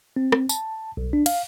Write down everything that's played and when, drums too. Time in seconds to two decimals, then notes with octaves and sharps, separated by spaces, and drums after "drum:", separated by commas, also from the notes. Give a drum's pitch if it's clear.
0.16 C4
0.32 drum: rim click
0.49 A5, drum: tambourine
0.97 B1
1.13 D4
1.26 F5, drum: cymbal